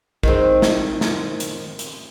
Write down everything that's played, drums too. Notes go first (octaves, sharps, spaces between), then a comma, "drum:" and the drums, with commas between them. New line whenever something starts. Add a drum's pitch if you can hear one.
D#3 G#3 C4, drum: kick A1
drum: snare
drum: snare
drum: hi-hat
drum: hi-hat